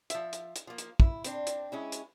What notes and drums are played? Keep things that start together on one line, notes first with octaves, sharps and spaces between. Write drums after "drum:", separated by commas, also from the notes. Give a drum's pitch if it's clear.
F3 E5, drum: hi-hat
drum: hi-hat
drum: hi-hat
F3 A#3
drum: hi-hat
E4, drum: kick
C4 D4, drum: hi-hat
drum: hi-hat
G#3 C#4 E4
drum: hi-hat